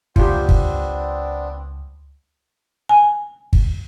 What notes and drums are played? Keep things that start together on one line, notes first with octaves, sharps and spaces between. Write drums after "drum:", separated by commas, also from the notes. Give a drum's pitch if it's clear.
C#2 B3 C4 D4 F4 G4, drum: kick
drum: kick
G#5
drum: kick